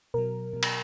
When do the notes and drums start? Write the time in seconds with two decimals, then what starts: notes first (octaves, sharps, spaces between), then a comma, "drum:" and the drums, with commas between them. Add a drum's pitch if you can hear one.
0.14 B2 F#3 A#4
0.53 B2 F#3
0.63 drum: cymbal